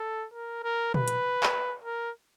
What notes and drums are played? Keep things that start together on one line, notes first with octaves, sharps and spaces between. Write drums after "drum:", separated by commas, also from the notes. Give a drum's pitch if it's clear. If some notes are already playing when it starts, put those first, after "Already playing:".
Already playing: A4
A#4
A#4
B4, drum: tom A#2
drum: hi-hat
drum: clap
A#4